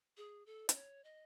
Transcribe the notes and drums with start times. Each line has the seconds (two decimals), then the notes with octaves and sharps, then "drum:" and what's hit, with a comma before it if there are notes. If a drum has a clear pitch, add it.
0.17 G#4
0.46 A4
0.69 D#5, drum: hi-hat
0.75 C#5
1.04 D#5